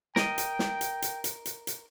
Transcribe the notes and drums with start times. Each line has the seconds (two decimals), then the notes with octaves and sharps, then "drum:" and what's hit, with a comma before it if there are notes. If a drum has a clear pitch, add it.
0.16 A#4 D#5 G5, drum: snare
0.38 drum: hi-hat
0.59 drum: snare
0.81 drum: hi-hat
1.02 drum: hi-hat
1.24 drum: hi-hat
1.45 drum: hi-hat
1.67 drum: hi-hat